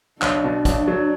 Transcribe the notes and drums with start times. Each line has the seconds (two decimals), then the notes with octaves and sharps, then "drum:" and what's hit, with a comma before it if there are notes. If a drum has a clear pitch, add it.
0.22 B1 D4, drum: clap
0.44 B2
0.65 B1, drum: kick, hi-hat
0.88 F#3